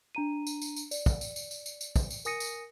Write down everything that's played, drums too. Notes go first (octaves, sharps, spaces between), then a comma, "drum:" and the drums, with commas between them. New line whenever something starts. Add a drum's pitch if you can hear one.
D4 A#5 D#7
drum: tambourine
drum: tambourine
drum: tambourine
D5, drum: tambourine
drum: kick, tambourine
drum: tambourine
drum: tambourine
drum: tambourine
drum: tambourine
drum: tambourine
drum: kick, tambourine
drum: tambourine
A#4 G#5 D#6 A#6 C#7 D#7, drum: tambourine
drum: tambourine